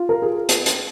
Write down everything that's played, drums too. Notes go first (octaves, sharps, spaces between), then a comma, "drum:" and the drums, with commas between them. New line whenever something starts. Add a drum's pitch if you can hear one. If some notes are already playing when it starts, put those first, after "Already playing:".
Already playing: F4
A#4
G#4
drum: hi-hat
drum: hi-hat